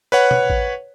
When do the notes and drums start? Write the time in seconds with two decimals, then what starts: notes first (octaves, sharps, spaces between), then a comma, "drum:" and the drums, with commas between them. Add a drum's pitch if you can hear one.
0.12 B4 C#5 F#5
0.31 drum: tom B2
0.50 drum: kick A1